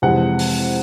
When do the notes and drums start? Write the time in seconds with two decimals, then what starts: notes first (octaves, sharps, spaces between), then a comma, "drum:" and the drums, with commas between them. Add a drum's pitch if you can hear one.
0.02 F2 C3 E3 G#3 F#5
0.39 drum: open hi-hat